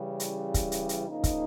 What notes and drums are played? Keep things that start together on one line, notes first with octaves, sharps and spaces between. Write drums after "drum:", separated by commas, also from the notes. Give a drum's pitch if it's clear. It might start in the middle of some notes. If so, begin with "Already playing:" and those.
Already playing: C#3 E3 G3
drum: hi-hat
drum: kick, hi-hat
drum: hi-hat
drum: hi-hat
C#3 F3 A#3 D#4
drum: kick, hi-hat